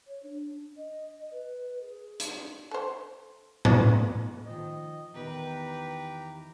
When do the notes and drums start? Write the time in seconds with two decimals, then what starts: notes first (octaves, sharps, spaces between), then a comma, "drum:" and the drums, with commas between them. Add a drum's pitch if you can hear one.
0.07 C#5
0.23 D4
0.77 D#5
1.31 B4
1.82 G#4
2.20 drum: hi-hat
2.71 A4 C5
3.65 drum: tom A2
4.46 D#3 F3 D#5
5.14 E2 D#3 G4 B4 G5 A#5